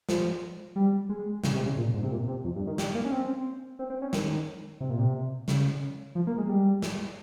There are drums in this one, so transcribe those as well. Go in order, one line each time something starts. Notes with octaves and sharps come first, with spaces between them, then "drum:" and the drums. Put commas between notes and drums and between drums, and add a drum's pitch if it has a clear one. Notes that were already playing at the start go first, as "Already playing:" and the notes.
F3, drum: snare
G3
G#3
C#3, drum: snare
C3
C#3
A#2
G#2
C3
A#2
C3
F2
G2
D#3
G3, drum: snare
A#3
C#4
C4
C4
C4
C#4
D#3, drum: snare
C3
A#2
C3
C#3, drum: snare
F3
A#3
G#3
G3
drum: snare